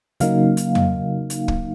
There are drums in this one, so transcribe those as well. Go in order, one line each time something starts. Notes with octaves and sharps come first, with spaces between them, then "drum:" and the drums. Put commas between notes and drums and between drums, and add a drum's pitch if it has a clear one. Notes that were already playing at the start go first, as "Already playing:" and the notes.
C#3 F#3 A#3 D#4 F5, drum: hi-hat
drum: hi-hat
drum: tom F2
drum: hi-hat
drum: kick